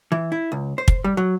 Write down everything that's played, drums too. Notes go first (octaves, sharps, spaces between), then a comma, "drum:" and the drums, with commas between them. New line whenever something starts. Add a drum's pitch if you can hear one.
E3
E4
C#2
C5
drum: kick
G3
F#3